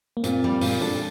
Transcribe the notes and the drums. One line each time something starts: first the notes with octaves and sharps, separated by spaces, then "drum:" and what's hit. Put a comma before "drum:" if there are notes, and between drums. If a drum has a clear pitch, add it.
A#3
A#2 C4, drum: hi-hat
G3 A#3
A#2, drum: open hi-hat
G3 D4 A4